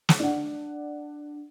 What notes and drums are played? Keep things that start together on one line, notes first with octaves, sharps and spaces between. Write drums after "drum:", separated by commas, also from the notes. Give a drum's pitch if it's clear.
drum: snare
D4 F#5